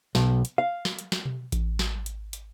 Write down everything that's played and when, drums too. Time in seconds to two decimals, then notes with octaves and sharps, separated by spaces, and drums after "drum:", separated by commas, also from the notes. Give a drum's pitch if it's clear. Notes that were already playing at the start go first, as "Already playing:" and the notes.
0.15 B1, drum: snare
0.45 drum: hi-hat
0.58 F5
0.85 drum: snare
0.99 drum: hi-hat
1.12 drum: snare
1.25 drum: tom B2
1.52 drum: kick A1, hi-hat
1.79 drum: snare
2.06 drum: hi-hat
2.33 drum: hi-hat